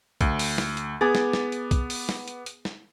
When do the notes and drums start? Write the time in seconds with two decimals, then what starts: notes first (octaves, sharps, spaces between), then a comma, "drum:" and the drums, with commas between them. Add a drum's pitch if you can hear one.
0.21 D2, drum: kick, hi-hat
0.39 drum: open hi-hat
0.58 drum: snare
0.77 drum: hi-hat
1.01 B3 G#4 D6 A6
1.15 drum: snare
1.33 drum: snare
1.52 drum: hi-hat
1.71 drum: kick, hi-hat
1.90 drum: open hi-hat
2.09 drum: snare
2.28 drum: hi-hat
2.46 drum: hi-hat
2.65 drum: snare